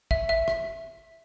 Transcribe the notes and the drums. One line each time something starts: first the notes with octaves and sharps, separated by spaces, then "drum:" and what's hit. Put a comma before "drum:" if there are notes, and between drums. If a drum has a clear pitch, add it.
E5, drum: kick
E5
drum: rim click